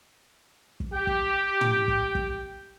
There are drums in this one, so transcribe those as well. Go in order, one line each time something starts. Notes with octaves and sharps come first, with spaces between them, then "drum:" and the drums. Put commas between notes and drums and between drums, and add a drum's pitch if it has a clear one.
drum: kick
G4 G5
drum: kick
drum: tom
drum: kick
drum: kick